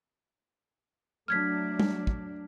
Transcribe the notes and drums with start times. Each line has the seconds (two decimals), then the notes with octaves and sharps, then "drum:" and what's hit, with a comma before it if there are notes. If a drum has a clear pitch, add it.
1.28 F#3 A3 D4 F6 G#6 B6
1.79 drum: tom G3
2.07 drum: kick